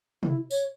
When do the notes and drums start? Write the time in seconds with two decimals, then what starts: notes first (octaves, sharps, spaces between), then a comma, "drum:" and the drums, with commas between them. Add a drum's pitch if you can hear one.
0.23 E4, drum: tom
0.51 C#5, drum: tambourine